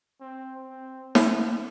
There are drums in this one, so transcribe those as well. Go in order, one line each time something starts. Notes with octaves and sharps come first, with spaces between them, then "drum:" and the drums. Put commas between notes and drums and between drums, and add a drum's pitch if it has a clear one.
C4
C4
C#4, drum: snare